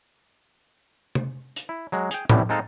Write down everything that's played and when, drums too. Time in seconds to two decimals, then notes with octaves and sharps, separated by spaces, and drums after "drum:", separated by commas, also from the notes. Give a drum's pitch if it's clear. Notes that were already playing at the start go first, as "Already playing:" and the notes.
1.15 drum: tom C3
1.56 drum: hi-hat
1.69 E4
1.92 F#3 G#3
2.11 G#4 G5, drum: hi-hat
2.30 C2 A2 E3 G3, drum: tom A2
2.49 G#3 C4 D#4 A4 F5